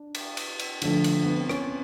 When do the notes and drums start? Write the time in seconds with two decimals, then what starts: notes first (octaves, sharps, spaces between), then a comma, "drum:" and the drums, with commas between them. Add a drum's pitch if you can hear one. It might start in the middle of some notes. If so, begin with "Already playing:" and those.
Already playing: D4
0.15 drum: cymbal
0.37 drum: cymbal
0.59 drum: cymbal
0.82 D3 F3 A3, drum: cymbal
1.04 drum: cymbal
1.23 B3
1.36 C4
1.49 C#4, drum: rim click